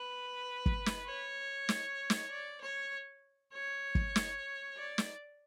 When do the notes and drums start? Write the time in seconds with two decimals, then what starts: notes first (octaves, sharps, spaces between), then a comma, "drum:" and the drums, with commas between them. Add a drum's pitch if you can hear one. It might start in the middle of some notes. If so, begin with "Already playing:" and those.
Already playing: B4
0.66 drum: kick
0.86 drum: snare
1.07 C#5
1.69 drum: snare
2.10 drum: snare
2.30 D5
2.61 C#5
3.54 C#5
3.95 drum: kick
4.16 drum: snare
4.77 D5
4.98 drum: snare